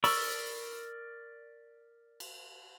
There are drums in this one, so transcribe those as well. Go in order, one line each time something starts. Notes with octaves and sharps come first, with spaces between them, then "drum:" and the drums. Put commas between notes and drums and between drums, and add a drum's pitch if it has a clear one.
A#4 D5 B5 C#6 E6, drum: open hi-hat
drum: cymbal